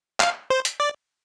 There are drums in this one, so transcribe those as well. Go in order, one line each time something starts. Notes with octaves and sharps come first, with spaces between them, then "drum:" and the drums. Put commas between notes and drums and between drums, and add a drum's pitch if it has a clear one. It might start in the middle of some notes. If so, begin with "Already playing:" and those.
F5, drum: clap
C5
drum: hi-hat
D5